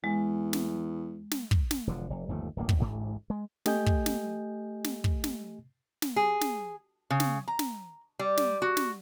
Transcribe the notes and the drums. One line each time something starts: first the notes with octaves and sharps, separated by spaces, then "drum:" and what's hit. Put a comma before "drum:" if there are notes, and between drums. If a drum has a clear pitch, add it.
E2 G#3
drum: snare
drum: snare
drum: kick
drum: snare
E1 D3 F3
F1
G1 D#2 F3 A3
D1 A1 A#3
drum: kick
A1 D2 G#2
G#3
A3 G4 D#5 G#5 G6, drum: snare
drum: kick
drum: snare
drum: snare
drum: kick
drum: snare
drum: snare
G#4
drum: snare
C#3
drum: snare
A#5
drum: snare
G3
drum: snare
F#4
drum: snare